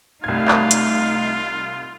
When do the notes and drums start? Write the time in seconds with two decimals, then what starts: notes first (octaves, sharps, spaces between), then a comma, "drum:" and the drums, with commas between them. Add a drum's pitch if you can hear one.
0.24 C2 A3 D#4 F4 F5 G#6
0.48 drum: clap
0.71 drum: hi-hat